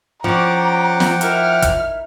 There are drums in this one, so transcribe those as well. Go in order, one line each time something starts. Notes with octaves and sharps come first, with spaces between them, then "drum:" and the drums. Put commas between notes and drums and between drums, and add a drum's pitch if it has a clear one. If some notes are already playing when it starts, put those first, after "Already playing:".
F3 C#4 D5 F#5 G5 A#5 D6
drum: snare
D#4 E4 A#4 F6, drum: hi-hat
drum: kick, hi-hat